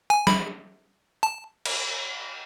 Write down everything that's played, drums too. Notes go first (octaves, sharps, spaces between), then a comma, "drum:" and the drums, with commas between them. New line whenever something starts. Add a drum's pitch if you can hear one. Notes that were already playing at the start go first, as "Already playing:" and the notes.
G#5
B5, drum: snare
A5
drum: cymbal